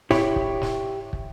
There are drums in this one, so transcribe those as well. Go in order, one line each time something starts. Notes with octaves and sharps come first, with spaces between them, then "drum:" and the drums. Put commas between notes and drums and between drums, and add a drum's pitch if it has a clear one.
E4 G4 C#5, drum: snare
drum: kick
drum: snare
drum: kick